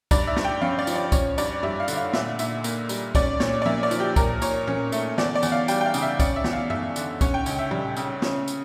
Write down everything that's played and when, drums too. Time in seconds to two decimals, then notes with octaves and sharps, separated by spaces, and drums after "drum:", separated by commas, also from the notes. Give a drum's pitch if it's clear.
0.11 G2 D5, drum: kick, tambourine
0.27 E5
0.36 G2, drum: snare
0.45 G5
0.61 C#4 F5, drum: tom F3
0.79 D5
0.87 F3, drum: tambourine
0.96 D5
1.12 C#4 C#5, drum: kick, tambourine
1.38 G2 D5, drum: tambourine
1.63 G3 E5, drum: tom F#2
1.80 F5
1.88 D3, drum: tambourine
1.97 F5
2.13 A#2 E5, drum: snare
2.39 A#2 E5, drum: tambourine
2.64 A#3, drum: tambourine
2.89 G3, drum: tambourine
3.15 C#4 D5, drum: kick, tambourine
3.40 A#2 C#5, drum: snare
3.62 D5
3.65 A#3 E5, drum: tom F3
3.83 D5
3.91 F3, drum: tambourine
4.00 G4
4.16 A#2 A#4, drum: kick, tambourine
4.42 A#2 C#5, drum: tambourine
4.67 C#4, drum: tom
4.92 A3, drum: tambourine
5.18 E2 D5, drum: snare
5.35 D5
5.43 E2, drum: tambourine
5.52 F5
5.68 G3 G5, drum: tambourine
5.81 G5
5.86 F5
5.94 C#3, drum: tambourine
6.02 E5
6.20 C#4 D5, drum: kick, tambourine
6.36 E5
6.44 E2, drum: snare
6.53 F5
6.70 A3 E5, drum: tom F#2
6.96 D3, drum: tambourine
7.21 C#4 C#5, drum: kick, tambourine
7.34 G5
7.46 C#2, drum: tambourine
7.59 E5
7.71 G3, drum: tom
7.97 C#3, drum: tambourine
8.22 C#4, drum: snare
8.48 drum: tambourine